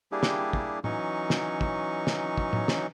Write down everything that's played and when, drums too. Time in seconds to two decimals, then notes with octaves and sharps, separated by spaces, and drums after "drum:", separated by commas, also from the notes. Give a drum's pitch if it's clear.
0.12 G3 A#3 D4 E4 G4 G#4
0.23 drum: snare
0.53 drum: kick
0.84 E3 F#3 C#4 D#4 C#6, drum: tom
1.30 drum: snare
1.61 drum: kick
2.07 drum: snare
2.38 drum: kick
2.53 drum: tom
2.68 drum: snare